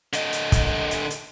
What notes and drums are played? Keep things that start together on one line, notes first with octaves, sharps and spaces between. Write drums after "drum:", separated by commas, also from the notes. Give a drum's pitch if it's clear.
D3 D#5, drum: hi-hat
drum: hi-hat
drum: kick, hi-hat
drum: hi-hat
drum: hi-hat